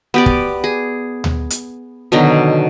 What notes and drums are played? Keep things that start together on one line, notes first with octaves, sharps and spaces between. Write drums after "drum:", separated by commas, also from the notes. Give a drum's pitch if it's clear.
B3 G4 D5
drum: kick
G#4
drum: tom D2
drum: hi-hat
B2 D3 D#3 F#3